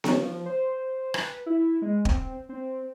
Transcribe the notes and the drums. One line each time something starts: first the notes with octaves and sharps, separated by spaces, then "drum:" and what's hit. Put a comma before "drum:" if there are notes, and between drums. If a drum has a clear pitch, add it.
C#4, drum: snare B3
F3
C5
B4, drum: rim click
E4
G#3
C4, drum: kick
C4